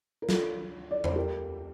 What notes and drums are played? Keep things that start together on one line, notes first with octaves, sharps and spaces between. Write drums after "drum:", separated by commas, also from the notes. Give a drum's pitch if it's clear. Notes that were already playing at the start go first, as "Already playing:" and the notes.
A#4
F4 A4, drum: snare
D5
C5, drum: tom E2
G4 A#4